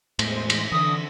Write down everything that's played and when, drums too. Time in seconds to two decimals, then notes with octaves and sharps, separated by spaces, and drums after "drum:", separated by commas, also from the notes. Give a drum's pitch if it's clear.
0.19 E2 A2 G#3 C5, drum: cymbal
0.50 drum: cymbal
0.72 D3 E3 D#6